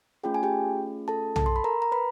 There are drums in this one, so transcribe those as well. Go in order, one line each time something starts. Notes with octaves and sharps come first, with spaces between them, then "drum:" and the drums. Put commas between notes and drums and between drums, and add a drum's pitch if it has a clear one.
A3 C#4 F4 G#4 G5
G#5
G4 G5
A4 A5
A4 A5, drum: tom B1
C6
B5
A#4 A#5
A#5
B4 B5